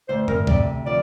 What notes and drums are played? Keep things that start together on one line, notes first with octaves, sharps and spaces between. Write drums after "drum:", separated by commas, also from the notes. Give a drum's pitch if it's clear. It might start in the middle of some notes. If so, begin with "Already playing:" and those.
D2 C5
A#4, drum: tom F#2
C3 D5, drum: kick
F3 D5